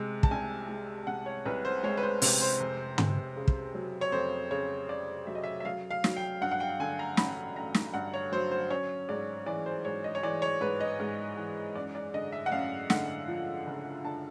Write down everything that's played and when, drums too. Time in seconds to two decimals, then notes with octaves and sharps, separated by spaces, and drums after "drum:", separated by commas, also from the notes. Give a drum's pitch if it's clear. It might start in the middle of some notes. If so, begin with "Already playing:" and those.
Already playing: C3 G#3
0.23 A5, drum: kick
0.31 C2 G#5
0.69 G#3
1.07 C3 F#5
1.26 C#5
1.46 C2 B4
1.65 C5
1.83 G#3 C#5
1.97 B4
2.03 C5
2.22 C3 C5, drum: open hi-hat
2.41 C5
2.60 F1
2.98 F1, drum: tom
3.37 C#3
3.48 drum: kick
3.74 F#3
4.01 C#5
4.12 F2 C5
4.51 C#3 C#5
4.89 C#3 D5
5.27 F#3 E5
5.35 D#5
5.44 E5
5.60 E5
5.65 F#3 F5
5.91 F5
6.04 F#3, drum: snare
6.17 G5
6.41 G2 F#5
6.51 F#5
6.60 G5
6.79 D3 G#5
6.99 A#5
7.17 A1 B5, drum: snare
7.55 A1 A#5
7.74 drum: snare
7.93 G2 F#5
8.14 C#5
8.32 F#3 C5
8.51 C5
8.70 C#4 C#5
9.09 G#2 D5
9.46 E3 D5
9.66 C5
9.85 G#2 C#5
10.04 D#5
10.15 C#5
10.23 E3 D5
10.42 C#5
10.61 G#2 B4
10.80 D#5
10.99 G#2
11.37 E3
11.76 F#2 D5
11.95 D5
12.14 D3 D#5
12.32 E5
12.46 F#5
12.52 F#2 F5
12.90 D3 F#5, drum: snare
13.28 F3
13.67 F#1
14.04 D3 A5